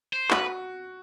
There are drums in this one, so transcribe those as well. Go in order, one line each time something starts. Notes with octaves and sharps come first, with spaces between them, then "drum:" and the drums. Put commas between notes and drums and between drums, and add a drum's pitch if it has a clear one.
C5
F#4 B4, drum: clap